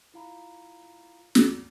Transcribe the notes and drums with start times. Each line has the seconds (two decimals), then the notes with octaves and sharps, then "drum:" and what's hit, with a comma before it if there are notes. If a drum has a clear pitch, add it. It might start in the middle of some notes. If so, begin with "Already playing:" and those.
0.14 E4 F4 F5 A#5 B5
1.35 drum: snare